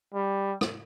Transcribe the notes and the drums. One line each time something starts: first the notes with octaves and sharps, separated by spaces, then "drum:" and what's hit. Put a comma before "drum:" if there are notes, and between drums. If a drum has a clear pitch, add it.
G3
drum: rim click